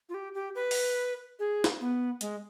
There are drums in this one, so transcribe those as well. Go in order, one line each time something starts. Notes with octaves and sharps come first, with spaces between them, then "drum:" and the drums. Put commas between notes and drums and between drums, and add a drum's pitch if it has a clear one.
F4
G4
G4
B4
drum: open hi-hat
G#4
drum: snare
B3
G#3, drum: hi-hat